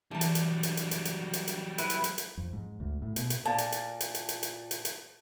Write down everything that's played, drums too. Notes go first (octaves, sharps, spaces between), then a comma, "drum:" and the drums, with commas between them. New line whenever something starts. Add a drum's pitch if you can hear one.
E3 F#3 G3 D4 A5
drum: hi-hat
drum: hi-hat
drum: hi-hat
drum: hi-hat
drum: hi-hat
drum: hi-hat
drum: hi-hat
drum: hi-hat
E4 B4, drum: hi-hat
drum: hi-hat
drum: hi-hat
drum: hi-hat
F2
G#2
D2
A2
B2, drum: hi-hat
drum: hi-hat
A#2 A5
drum: hi-hat
drum: hi-hat
drum: hi-hat
drum: hi-hat
drum: hi-hat
drum: hi-hat
drum: hi-hat
drum: hi-hat